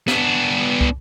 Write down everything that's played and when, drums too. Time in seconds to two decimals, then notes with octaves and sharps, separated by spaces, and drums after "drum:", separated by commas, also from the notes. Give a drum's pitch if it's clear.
0.08 B3 D4, drum: snare
0.81 drum: kick